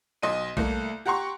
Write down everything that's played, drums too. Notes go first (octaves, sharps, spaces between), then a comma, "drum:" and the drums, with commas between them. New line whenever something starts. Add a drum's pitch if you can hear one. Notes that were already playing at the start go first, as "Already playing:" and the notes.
B1 D#5 C6 D#7
C2 A3 A#3, drum: kick B1
G4 F#5 A#5 C6 C#6